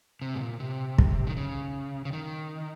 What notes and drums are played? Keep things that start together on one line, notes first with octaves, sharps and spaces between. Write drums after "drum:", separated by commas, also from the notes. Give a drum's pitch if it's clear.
C3
G#2
A#2
C3
drum: kick
D#3
C#3
C#3
D#3